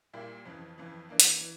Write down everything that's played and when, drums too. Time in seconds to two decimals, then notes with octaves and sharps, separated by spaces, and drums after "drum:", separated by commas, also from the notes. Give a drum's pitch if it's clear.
0.13 A#2 G3 A#3 E4 G4
0.45 F2 C#3 E3
0.78 F2 C#3 E3
1.09 E3 A#3 D4
1.20 drum: hi-hat
1.41 E3